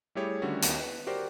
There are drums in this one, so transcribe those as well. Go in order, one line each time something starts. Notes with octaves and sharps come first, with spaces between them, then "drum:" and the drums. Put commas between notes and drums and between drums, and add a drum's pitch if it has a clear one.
G3 A3 E4 G4 G#4 C#5
D3 D#3 G3 A3 C#4 F#4
D#2 D#3 B3, drum: hi-hat
B4
F#4 G4 A#4 C5 D5